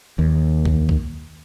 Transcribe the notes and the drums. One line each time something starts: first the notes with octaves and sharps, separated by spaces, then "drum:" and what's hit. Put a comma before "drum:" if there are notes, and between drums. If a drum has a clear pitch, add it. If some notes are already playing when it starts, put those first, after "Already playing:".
D#2
drum: kick C2
drum: kick C2